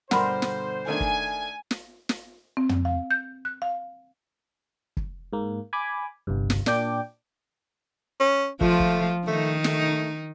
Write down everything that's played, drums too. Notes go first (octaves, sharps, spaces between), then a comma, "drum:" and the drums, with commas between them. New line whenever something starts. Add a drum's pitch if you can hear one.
G2 B2 D3 A#4 C5 F#5 B5 C6, drum: snare
drum: snare
D#3 A3 D4 G#5
drum: kick
drum: snare
drum: snare
C4
drum: tom
F5
G6
F#6
F5
drum: kick
G#2 A#3
G#5 B5 D6
G1 C2 G2
drum: snare
A#2 D4 G5 D6, drum: snare
C#4
F3 A3 F4, drum: kick
drum: kick
D#3 A3 D#4
A3, drum: snare